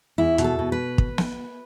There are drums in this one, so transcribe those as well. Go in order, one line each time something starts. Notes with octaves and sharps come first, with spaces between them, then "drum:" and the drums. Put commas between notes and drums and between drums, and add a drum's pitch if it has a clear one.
E2 E4
B2, drum: hi-hat
A4
B2
B4
drum: kick
drum: snare